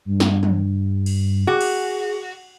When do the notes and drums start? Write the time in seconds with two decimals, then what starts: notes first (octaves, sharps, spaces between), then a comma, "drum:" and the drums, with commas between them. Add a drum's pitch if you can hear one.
0.05 G2
0.20 drum: snare
0.43 drum: tom
1.06 drum: cymbal
1.47 F#4 G#4
1.61 drum: cymbal